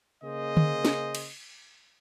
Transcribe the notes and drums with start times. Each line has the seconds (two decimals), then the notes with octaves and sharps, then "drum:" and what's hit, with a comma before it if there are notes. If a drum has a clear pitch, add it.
0.23 C#3 A#3 G#4 C5 D#5
0.57 drum: tom D3
0.85 drum: snare
1.15 drum: cymbal